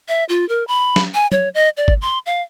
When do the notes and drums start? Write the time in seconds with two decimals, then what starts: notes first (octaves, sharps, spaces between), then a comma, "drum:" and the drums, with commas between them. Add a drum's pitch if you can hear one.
0.08 E5
0.29 F4
0.49 A#4
0.68 B5
0.96 drum: snare
1.14 G#5
1.32 C#5, drum: tom
1.54 D#5
1.77 D5
1.88 drum: kick G#1
2.01 C6
2.26 F5